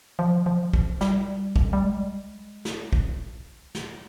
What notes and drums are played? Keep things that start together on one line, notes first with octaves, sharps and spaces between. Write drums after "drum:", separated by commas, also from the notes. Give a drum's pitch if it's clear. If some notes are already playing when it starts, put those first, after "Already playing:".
F3
F3
drum: kick
G3, drum: snare
drum: kick
G3
G#3
drum: snare
drum: kick
drum: snare